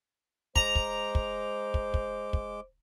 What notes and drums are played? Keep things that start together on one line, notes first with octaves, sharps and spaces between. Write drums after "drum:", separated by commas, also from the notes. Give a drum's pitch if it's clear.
G#3 C5 A#5 D6, drum: kick
drum: kick
drum: kick
drum: kick
drum: kick
drum: kick